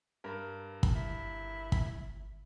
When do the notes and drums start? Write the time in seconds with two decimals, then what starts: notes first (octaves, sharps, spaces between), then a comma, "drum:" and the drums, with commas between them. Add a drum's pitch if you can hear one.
0.24 G2 A#4
0.83 drum: kick
0.96 G1 E4
1.72 drum: kick
1.94 G1